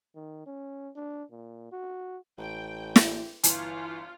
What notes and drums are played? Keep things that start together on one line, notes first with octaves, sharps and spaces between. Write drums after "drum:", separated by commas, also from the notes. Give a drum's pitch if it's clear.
D#3
C#4
D4
A#2
F#4
A1 G5
drum: snare
G1 E3 F4 G#5, drum: hi-hat